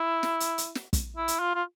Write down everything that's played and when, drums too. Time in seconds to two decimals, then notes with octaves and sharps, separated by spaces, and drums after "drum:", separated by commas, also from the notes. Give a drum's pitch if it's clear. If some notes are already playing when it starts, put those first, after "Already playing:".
Already playing: E4
0.23 drum: snare
0.40 drum: hi-hat
0.58 drum: hi-hat
0.75 drum: snare
0.93 drum: kick, hi-hat
1.17 E4
1.28 drum: hi-hat
1.40 F4
1.55 F4